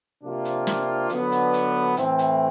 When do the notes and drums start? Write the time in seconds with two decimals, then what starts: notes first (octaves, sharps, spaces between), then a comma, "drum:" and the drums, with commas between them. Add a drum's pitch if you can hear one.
0.24 C3 F3 A#3 D4 F4
0.45 drum: hi-hat
0.67 drum: snare
1.10 D3 F#3 B3 D4, drum: hi-hat
1.32 drum: hi-hat
1.54 drum: hi-hat
1.97 A2 E3 A3 C4, drum: hi-hat
2.19 drum: hi-hat